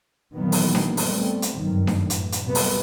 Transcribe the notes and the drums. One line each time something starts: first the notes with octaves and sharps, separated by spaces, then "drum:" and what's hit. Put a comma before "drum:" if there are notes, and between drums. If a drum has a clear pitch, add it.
A#2 D#3 E3 F#3 A#3 B3
drum: open hi-hat
drum: snare D4
drum: open hi-hat
G3 A3 B3 C4
drum: hi-hat
F#1 G2 D#3 F#3
drum: snare D4
A2 E3, drum: hi-hat
drum: hi-hat
C3 F#3 G3 A#3 B3
drum: open hi-hat